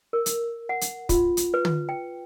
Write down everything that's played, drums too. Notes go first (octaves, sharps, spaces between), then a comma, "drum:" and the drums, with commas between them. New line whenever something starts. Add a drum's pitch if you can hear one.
A#4
drum: hi-hat
F#5
drum: hi-hat
F4, drum: kick, hi-hat
drum: hi-hat
B4
drum: tom
G5